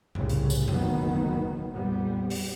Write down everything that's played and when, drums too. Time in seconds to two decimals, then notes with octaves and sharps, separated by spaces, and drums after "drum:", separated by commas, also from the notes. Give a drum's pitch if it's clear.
0.15 C2 A2 C#3, drum: tom F2
0.30 drum: hi-hat
0.50 drum: tambourine
0.68 F#1 D2 B2 D#3 F#3 B3, drum: tom F2
1.72 A#1 F2 G3 B3
2.30 drum: open hi-hat